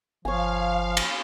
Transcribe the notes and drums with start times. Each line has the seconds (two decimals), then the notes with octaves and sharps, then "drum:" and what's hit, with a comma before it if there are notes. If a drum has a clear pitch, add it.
0.25 G1 F3 C#5 F5 G#5
0.97 drum: cymbal